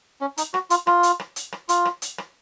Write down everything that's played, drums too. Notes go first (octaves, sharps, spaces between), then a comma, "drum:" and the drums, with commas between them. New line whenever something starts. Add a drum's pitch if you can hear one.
C#4
D#4, drum: hi-hat
F#4, drum: rim click
F4, drum: hi-hat
F4, drum: rim click
drum: hi-hat
drum: rim click
drum: hi-hat
drum: rim click
F4, drum: hi-hat
drum: rim click
drum: hi-hat
drum: rim click